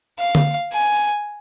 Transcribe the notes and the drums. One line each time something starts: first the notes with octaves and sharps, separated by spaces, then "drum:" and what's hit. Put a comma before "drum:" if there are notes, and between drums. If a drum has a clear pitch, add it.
F5
drum: tom D3
G#5